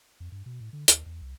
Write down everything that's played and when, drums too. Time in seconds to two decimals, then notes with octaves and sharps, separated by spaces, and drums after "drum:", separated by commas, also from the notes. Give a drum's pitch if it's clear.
0.20 F2
0.32 G2
0.46 B2
0.60 A2
0.73 D3
0.88 D#2, drum: hi-hat
1.06 E2
1.21 C2